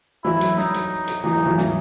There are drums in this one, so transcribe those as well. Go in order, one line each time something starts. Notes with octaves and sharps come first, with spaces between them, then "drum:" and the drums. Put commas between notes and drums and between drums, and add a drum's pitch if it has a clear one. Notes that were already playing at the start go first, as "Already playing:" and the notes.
E3 F#3 E4
drum: hi-hat
D#4, drum: snare
drum: hi-hat
drum: hi-hat
E3 F#3 D#4
E3 F#3
E3 F#3
E3, drum: snare